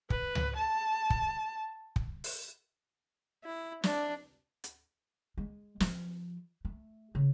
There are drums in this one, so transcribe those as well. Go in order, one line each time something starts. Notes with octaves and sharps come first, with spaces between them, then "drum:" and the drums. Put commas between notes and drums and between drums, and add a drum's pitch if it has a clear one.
B4, drum: kick
drum: tom C#2
A5
drum: kick
drum: kick
drum: open hi-hat
E4
D4, drum: snare
drum: hi-hat
G#3
F3, drum: snare
A3
C#3